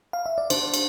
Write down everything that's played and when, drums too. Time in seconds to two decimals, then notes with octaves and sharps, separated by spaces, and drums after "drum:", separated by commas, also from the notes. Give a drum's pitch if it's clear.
0.13 F5
0.26 E5
0.38 D5
0.50 D4 C5, drum: cymbal
0.74 drum: cymbal